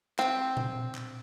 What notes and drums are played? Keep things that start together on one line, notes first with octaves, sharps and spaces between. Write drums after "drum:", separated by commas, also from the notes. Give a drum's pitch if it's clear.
C4, drum: clap
drum: tom A#2
drum: clap